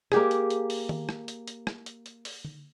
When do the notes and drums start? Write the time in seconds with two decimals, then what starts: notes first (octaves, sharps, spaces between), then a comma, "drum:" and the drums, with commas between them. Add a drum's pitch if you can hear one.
0.12 A#3 G4 G#4, drum: rim click
0.31 drum: hi-hat
0.50 drum: hi-hat
0.70 drum: open hi-hat
0.89 drum: tom D#3
1.09 drum: rim click
1.28 drum: hi-hat
1.48 drum: hi-hat
1.67 drum: rim click
1.86 drum: hi-hat
2.06 drum: hi-hat
2.25 drum: open hi-hat
2.45 drum: tom D3